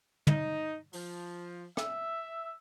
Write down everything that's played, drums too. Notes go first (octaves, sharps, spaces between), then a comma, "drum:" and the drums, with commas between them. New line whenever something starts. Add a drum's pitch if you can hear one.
D#4, drum: tom
F3, drum: open hi-hat
E5, drum: rim click